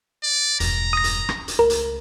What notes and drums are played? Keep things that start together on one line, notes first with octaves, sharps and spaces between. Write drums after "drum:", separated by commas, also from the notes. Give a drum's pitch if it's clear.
D5
E1 G2 A#5, drum: hi-hat
D#6 A#6
drum: hi-hat
C#4, drum: rim click
drum: hi-hat
C#2 A3 A#4
drum: hi-hat